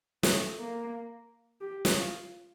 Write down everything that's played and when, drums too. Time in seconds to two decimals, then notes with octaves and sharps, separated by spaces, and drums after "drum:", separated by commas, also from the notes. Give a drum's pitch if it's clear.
0.23 A3, drum: snare
0.58 A#3
1.61 G4
1.85 drum: snare
1.95 F4